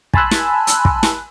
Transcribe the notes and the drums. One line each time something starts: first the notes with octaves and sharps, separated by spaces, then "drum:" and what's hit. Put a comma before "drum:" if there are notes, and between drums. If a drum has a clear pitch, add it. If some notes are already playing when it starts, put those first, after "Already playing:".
G#5 A5 B5 C6 E6 F#6, drum: kick
drum: snare
drum: hi-hat
drum: kick
drum: snare